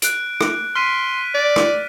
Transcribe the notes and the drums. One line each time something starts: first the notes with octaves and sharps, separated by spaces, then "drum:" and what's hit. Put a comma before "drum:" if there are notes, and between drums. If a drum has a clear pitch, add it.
F#6 D7, drum: hi-hat
drum: rim click
C6 F6 B6 D#7
D5
drum: rim click